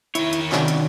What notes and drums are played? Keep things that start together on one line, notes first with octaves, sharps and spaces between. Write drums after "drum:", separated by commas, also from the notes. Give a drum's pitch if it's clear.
D#3 E4 C#5, drum: hi-hat
drum: hi-hat
C3 D#3 C#4 D4 F#4, drum: clap
drum: hi-hat